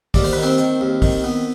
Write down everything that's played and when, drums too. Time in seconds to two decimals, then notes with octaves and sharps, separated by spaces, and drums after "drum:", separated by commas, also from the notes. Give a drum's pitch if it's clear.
0.14 D#2 D5, drum: kick, open hi-hat
0.24 C5
0.33 D#3 B4
0.43 C4 C5
0.58 D#3, drum: hi-hat
0.81 D#2
1.02 D#3, drum: kick, open hi-hat
1.24 B3